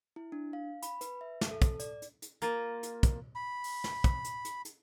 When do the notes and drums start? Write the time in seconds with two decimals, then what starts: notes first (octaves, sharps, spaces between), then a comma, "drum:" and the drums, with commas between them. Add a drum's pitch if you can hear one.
0.16 E4
0.32 D4
0.53 F5
0.83 B5, drum: hi-hat
1.01 B4, drum: hi-hat
1.21 E5
1.41 drum: snare
1.51 A4
1.62 drum: kick, hi-hat
1.80 D5, drum: hi-hat
2.02 drum: hi-hat
2.22 drum: hi-hat
2.42 A#3 F4, drum: hi-hat
2.83 drum: hi-hat
3.03 drum: kick, hi-hat
3.35 B5
3.64 drum: open hi-hat
3.84 drum: snare
4.04 drum: kick, hi-hat
4.25 drum: hi-hat
4.45 drum: hi-hat
4.65 drum: hi-hat